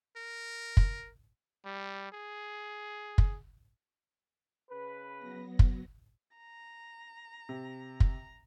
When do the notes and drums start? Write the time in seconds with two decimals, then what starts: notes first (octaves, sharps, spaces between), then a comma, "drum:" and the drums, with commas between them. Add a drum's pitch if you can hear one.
0.17 A#4
0.77 drum: kick
1.65 G3
2.12 G#4
3.18 drum: kick
4.69 C#3 B4
5.17 F#3 B3 A#6
5.59 drum: kick
6.37 A#5
7.49 C3
8.00 drum: kick